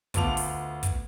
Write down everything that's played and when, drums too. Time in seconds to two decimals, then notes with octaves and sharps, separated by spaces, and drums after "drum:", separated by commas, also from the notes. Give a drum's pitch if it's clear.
0.14 D2 B3 F4 A5 D6 F7, drum: kick, hi-hat
0.37 drum: open hi-hat
0.83 drum: kick, hi-hat